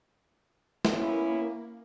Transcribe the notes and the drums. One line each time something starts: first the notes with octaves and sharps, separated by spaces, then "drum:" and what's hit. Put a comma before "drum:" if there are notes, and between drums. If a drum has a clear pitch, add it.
drum: snare
A#3 B3 C#4 E4